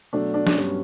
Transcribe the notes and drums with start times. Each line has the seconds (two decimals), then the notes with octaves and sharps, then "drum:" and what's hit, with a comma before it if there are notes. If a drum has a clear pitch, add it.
0.13 B2 F#3 A3 D4
0.34 D4
0.47 D4, drum: snare
0.54 G2 F#3 B3 C#4